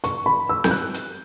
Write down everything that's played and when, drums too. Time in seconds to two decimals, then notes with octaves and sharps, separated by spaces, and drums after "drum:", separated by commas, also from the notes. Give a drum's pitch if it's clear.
0.04 C#6, drum: hi-hat
0.26 B5
0.49 E6
0.64 G6, drum: snare
0.71 F#6
0.94 drum: hi-hat